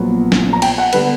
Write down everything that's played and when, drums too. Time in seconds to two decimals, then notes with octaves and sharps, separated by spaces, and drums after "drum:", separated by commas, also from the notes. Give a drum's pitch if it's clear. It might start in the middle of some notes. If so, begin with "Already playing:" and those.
Already playing: A#1 A#2 F#3 B3
0.32 drum: snare
0.53 A#5
0.62 G5, drum: cymbal
0.78 F#5
0.93 D3 G3 B3 B4, drum: cymbal